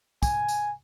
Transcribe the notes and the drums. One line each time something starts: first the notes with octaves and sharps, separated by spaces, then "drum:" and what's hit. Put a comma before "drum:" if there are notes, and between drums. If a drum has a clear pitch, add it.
G#5, drum: kick, tambourine
drum: tambourine